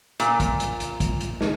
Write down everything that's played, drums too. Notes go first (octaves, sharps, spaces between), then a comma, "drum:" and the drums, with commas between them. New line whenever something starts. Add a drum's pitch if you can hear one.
A#2, drum: hi-hat
drum: kick, hi-hat
drum: hi-hat
drum: hi-hat
drum: kick, hi-hat
drum: hi-hat
drum: snare